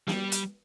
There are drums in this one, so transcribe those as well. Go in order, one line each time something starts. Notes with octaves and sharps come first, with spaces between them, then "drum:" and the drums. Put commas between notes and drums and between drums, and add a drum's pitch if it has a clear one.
G3, drum: snare
drum: hi-hat